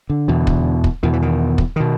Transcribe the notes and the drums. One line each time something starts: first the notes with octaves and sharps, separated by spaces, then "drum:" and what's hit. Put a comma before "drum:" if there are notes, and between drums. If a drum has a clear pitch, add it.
D3
E2 B2
drum: kick
drum: kick
E2 B2 D#3
E3
D#3
drum: kick
B2 D#3